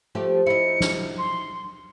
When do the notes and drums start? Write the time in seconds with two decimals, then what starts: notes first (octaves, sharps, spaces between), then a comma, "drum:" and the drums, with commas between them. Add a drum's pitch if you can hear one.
0.15 F3 A3 G4
0.46 D#4 E4 C#7
0.81 drum: snare
1.18 C6